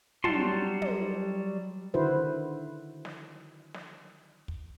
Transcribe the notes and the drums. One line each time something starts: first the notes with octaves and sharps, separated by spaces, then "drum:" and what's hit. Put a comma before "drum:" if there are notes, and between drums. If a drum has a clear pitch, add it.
F#3 G3 F#5 A5 C6, drum: tom
drum: tom
D3 D#3 E4 F#4 B4 C5
drum: snare
drum: snare
drum: kick